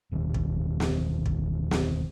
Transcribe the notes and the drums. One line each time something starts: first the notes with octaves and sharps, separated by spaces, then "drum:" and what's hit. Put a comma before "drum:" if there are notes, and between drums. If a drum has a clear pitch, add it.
F1 D#2
drum: kick
drum: snare
drum: kick
drum: snare